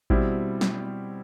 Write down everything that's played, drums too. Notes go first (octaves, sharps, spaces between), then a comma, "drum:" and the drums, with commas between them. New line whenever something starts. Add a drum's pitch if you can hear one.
B2 G3 C4 E4, drum: kick A1
drum: snare